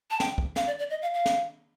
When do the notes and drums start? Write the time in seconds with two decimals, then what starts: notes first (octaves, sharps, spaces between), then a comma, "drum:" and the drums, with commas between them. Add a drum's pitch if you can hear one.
0.10 A5
0.20 G5, drum: snare
0.38 drum: kick
0.56 F5, drum: snare
0.67 D5
0.79 D5
0.90 D#5
1.02 F5
1.14 F5
1.26 drum: snare